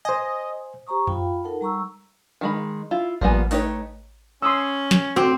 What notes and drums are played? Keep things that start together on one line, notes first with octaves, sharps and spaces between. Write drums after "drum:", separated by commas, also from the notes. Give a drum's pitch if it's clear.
C5 D#5 G#5
G4 C5 A#5 C#6 D#6
F4 F5 G5 B5, drum: tom F#2
D#4 A4 A#4 F#5 A5
G3 A#5 C#6 E6
D#3 G#3 B5
E4 F4
F3 G3 A#3 B3 G#5, drum: kick A1
A3 D#4 G4 B4 C#5, drum: open hi-hat
C#4 C6 D#6 E6
drum: snare
C4 F#4 D6